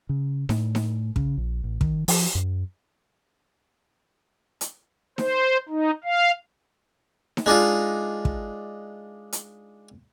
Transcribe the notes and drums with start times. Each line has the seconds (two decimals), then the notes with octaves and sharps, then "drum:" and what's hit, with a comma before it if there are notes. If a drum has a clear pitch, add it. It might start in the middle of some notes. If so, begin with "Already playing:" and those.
0.09 C#3
0.49 A2, drum: snare D#4
0.75 drum: snare D#4
1.16 C#3, drum: kick
1.37 A#1
1.64 A1
1.81 D#3, drum: kick
2.08 F3, drum: open hi-hat
2.35 F#2
4.61 drum: hi-hat
5.18 C5, drum: snare D#4
5.69 D#4
6.04 F5
7.37 drum: snare D#4
7.46 G#3 D4 D#4 F4
8.25 drum: kick
9.33 drum: hi-hat